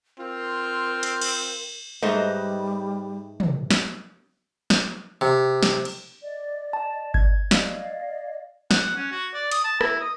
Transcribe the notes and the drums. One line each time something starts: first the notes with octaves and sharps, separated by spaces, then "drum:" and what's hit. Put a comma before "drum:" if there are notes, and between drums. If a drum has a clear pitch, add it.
C4 F4 A#4
drum: hi-hat
drum: cymbal
G#2 G3 A3 D#4 B4 C5 D#5
drum: tom
drum: snare
drum: snare
C3
drum: snare
drum: cymbal
D5 D#5
A5
G#6, drum: kick G1
D5 D#5 F5, drum: snare
F#5, drum: snare
C#4
F#4
D5
D#6, drum: hi-hat
A5
E4, drum: rim click
D#5